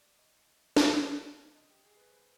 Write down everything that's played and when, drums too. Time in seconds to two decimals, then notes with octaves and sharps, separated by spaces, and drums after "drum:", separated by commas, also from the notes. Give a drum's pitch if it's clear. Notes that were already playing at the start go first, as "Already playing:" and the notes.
Already playing: D5
0.19 D#5
0.77 drum: snare
0.87 D5
1.55 D#5
1.70 G4
1.84 G#4
1.97 B4
2.10 C5